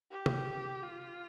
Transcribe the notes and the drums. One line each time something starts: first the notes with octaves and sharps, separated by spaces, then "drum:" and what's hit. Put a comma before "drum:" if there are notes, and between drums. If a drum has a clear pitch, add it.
G4
drum: tom C3
F4